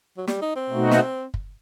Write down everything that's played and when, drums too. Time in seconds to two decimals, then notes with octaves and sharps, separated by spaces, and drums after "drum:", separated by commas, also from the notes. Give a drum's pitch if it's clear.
0.17 F#3
0.27 G3, drum: snare
0.42 D#4
0.56 C4
0.70 B2 A3 D#4 F#4
0.91 drum: snare
1.34 drum: kick